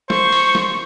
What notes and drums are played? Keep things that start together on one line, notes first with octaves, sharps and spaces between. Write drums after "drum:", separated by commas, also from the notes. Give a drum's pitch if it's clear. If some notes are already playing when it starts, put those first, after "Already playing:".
C5 C#6, drum: snare
drum: open hi-hat
drum: snare